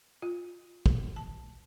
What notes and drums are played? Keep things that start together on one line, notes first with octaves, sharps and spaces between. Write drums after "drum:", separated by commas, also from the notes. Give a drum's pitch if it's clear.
F4
drum: kick
A5